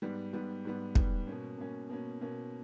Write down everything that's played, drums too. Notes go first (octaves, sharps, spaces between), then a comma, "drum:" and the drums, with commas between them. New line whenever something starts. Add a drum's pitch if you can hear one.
G#2 G3 B3
G#2 G3 B3
G#2 G3 B3
G#2 G3 B3, drum: kick
B2 A#3 C#4
B2 A#3 C#4
B2 A#3 C#4
B2 A#3 C#4